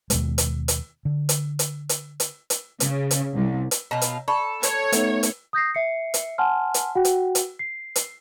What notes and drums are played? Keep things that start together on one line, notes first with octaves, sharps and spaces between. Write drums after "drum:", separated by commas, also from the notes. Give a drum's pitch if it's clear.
D#2 B2 G#3, drum: hi-hat
drum: hi-hat
drum: hi-hat
D3
drum: hi-hat
drum: hi-hat
drum: hi-hat
drum: hi-hat
drum: hi-hat
C#3, drum: hi-hat
drum: hi-hat
C2
drum: hi-hat
B2 F4 C#5 A#5
drum: hi-hat
A4 D5 B5 C#6
C#5, drum: hi-hat
A3 B3 D#4, drum: hi-hat
drum: hi-hat
D#6 G6 A#6 C7
E5 C7 C#7
drum: hi-hat
F#5 G#5 A5 C6 F6
drum: hi-hat
F#4 F#5 G5
drum: hi-hat
drum: hi-hat
C7
drum: hi-hat